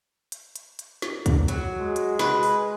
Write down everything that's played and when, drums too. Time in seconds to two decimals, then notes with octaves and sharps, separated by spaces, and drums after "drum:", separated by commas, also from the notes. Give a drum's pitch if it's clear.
0.32 drum: hi-hat
0.56 drum: hi-hat
0.79 drum: hi-hat
1.02 drum: snare
1.26 drum: kick, hi-hat
1.48 F#3, drum: hi-hat
1.80 G#3
1.96 drum: hi-hat
2.19 B4, drum: snare
2.43 drum: open hi-hat